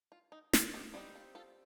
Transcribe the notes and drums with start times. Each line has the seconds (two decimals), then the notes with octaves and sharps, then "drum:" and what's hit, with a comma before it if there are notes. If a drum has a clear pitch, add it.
0.12 F4
0.32 D#4
0.53 F4, drum: snare
0.74 D#4 G4
0.94 G3 C4 D#4 F4
1.15 F4
1.35 F4 A4